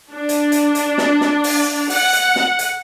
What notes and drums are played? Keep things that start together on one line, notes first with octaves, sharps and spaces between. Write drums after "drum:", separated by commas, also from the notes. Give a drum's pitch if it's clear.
D4
drum: hi-hat
drum: hi-hat
drum: hi-hat
drum: snare
drum: snare
drum: open hi-hat
F#5, drum: open hi-hat
drum: hi-hat
drum: snare
drum: hi-hat